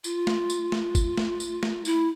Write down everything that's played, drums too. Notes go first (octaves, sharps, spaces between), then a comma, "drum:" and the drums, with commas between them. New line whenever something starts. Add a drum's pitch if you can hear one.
F4, drum: tambourine
drum: snare A3
drum: tambourine
drum: snare A3
drum: kick, tambourine
drum: snare A3
drum: tambourine
drum: snare A3
E4, drum: tambourine